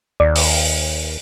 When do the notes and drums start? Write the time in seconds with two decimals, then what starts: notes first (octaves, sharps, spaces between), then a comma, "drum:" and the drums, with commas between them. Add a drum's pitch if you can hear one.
0.20 D#2 D5
0.36 drum: open hi-hat